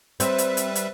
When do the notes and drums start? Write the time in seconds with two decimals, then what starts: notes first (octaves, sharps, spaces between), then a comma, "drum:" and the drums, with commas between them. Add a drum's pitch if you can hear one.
0.20 G3 C4 B4 E5, drum: hi-hat
0.38 drum: hi-hat
0.57 drum: hi-hat
0.75 drum: hi-hat